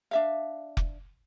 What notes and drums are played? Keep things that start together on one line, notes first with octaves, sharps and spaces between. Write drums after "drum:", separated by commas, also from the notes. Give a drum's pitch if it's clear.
D4 E5 F5
drum: kick F1